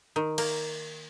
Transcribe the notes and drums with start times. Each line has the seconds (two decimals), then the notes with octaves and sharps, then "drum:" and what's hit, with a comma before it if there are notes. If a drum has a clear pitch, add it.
0.16 D#3
0.38 A#3, drum: cymbal